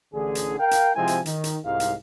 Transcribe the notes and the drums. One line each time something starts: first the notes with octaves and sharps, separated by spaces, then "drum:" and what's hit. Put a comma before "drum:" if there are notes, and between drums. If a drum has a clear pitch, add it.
A1 D3 G#4
drum: hi-hat
A#4 F5 G5
drum: hi-hat
C3 F3 G#3 C4 E4 G#5
drum: hi-hat
D#3, drum: hi-hat
drum: hi-hat
C2 G#2 F5
drum: hi-hat